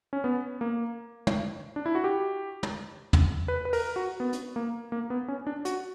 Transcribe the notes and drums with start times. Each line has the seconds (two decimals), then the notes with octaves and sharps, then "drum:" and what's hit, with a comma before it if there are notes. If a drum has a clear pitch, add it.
0.13 C#4
0.24 B3
0.61 A#3
1.27 drum: tom
1.76 D4
1.86 E4
1.95 F#4
2.04 G4
2.63 drum: tom
3.13 drum: tom
3.48 B4
3.65 B4
3.73 A#4, drum: open hi-hat
3.96 F#4
4.20 B3
4.33 drum: hi-hat
4.56 A#3
4.92 A#3
5.10 B3
5.28 C#4
5.47 D4
5.65 F#4, drum: hi-hat